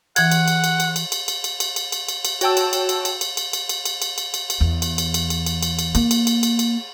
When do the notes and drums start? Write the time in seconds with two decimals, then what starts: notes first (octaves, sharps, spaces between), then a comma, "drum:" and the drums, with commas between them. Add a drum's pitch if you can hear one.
0.16 E3 F#5 G#6, drum: cymbal
0.31 drum: cymbal
0.48 drum: cymbal
0.64 drum: cymbal
0.80 drum: cymbal
0.96 drum: cymbal
1.12 drum: cymbal
1.28 drum: cymbal
1.44 drum: cymbal
1.60 drum: cymbal
1.76 drum: cymbal
1.92 drum: cymbal
2.08 drum: cymbal
2.25 drum: cymbal
2.41 F#4 C#5 G5 A5 E6, drum: cymbal
2.57 drum: cymbal
2.73 drum: cymbal
2.89 drum: cymbal
3.05 drum: cymbal
3.21 drum: cymbal
3.37 drum: cymbal
3.53 drum: cymbal
3.69 drum: cymbal
3.85 drum: cymbal
4.02 drum: cymbal
4.18 drum: cymbal
4.34 drum: cymbal
4.50 drum: cymbal
4.61 E2
4.82 drum: cymbal
4.98 drum: cymbal
5.14 drum: cymbal
5.30 drum: cymbal
5.46 drum: cymbal
5.63 drum: cymbal
5.79 drum: cymbal
5.95 A#3, drum: cymbal
6.11 drum: cymbal
6.27 drum: cymbal
6.43 drum: cymbal
6.59 drum: cymbal